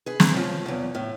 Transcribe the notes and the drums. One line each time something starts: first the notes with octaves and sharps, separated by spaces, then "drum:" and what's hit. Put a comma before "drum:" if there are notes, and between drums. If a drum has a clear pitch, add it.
G#4 B4
drum: snare
C#3 F3
E2 C#3
A2